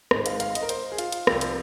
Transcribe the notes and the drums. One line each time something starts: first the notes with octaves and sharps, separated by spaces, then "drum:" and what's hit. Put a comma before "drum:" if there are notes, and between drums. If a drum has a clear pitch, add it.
G#1 G#2 G#3 C5, drum: rim click
F5, drum: hi-hat
F5, drum: hi-hat
D#5, drum: hi-hat
A#4
C5, drum: hi-hat
G#4
F4, drum: hi-hat
drum: hi-hat
C2 C3 F3, drum: rim click
drum: hi-hat